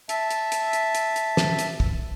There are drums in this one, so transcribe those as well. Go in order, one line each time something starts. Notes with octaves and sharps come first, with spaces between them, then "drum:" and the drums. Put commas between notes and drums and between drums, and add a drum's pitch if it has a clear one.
E5 A5, drum: hi-hat
drum: hi-hat
drum: hi-hat
drum: hi-hat
drum: hi-hat
drum: hi-hat
drum: snare
drum: hi-hat
drum: kick